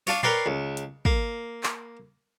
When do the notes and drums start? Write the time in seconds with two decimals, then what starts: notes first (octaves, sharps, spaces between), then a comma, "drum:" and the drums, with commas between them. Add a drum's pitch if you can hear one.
0.07 D4 F4 C#5, drum: open hi-hat
0.23 A#4 B4 C#5 D5 G5 C6, drum: tom A#2
0.46 C#2
0.77 drum: hi-hat
1.05 A#3, drum: kick
1.63 drum: clap